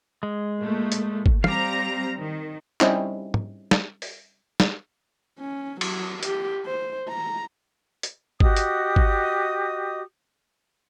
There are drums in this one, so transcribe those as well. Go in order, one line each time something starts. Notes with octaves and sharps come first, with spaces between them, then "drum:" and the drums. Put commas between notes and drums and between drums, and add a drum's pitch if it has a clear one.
G#3
A#2 A3
drum: hi-hat
drum: kick
G3 C4 F5 A#5 D6, drum: tom
D#3
G3 C4 C#4 D#4 E4, drum: clap
drum: tom
drum: snare
drum: open hi-hat
drum: snare
C#4
F#3, drum: cymbal
G4, drum: hi-hat
C5
A#5
drum: hi-hat
F#4 G4 D#5 D#6, drum: kick
drum: hi-hat
drum: kick